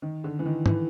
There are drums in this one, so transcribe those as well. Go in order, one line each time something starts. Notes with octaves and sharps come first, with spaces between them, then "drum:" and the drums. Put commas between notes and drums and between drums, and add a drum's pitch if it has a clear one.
D#3
D3
E3
D#3
E3, drum: tom G#2